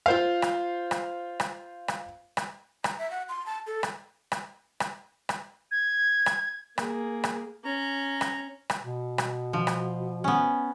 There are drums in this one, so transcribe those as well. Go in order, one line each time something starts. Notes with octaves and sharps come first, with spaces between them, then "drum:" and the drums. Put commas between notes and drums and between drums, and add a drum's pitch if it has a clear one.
F4 C5 F5
drum: rim click
drum: rim click
drum: rim click
drum: rim click
drum: rim click
A#5, drum: rim click
E5
F#5
C6
A5
A4
drum: rim click
drum: rim click
drum: rim click
drum: rim click
G#6
drum: rim click
A#3 G#4, drum: rim click
drum: rim click
C#4 A#5
drum: rim click
drum: rim click
B2
drum: rim click
F3
drum: rim click
B3 C#4